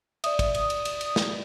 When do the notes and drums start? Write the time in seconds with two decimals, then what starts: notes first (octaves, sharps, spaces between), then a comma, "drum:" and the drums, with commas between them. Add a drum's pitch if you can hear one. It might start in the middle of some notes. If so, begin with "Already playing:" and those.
0.24 D5 E5 D#6, drum: cymbal
0.39 drum: kick, cymbal
0.55 drum: cymbal
0.70 drum: cymbal
0.85 drum: cymbal
1.01 drum: cymbal
1.16 drum: snare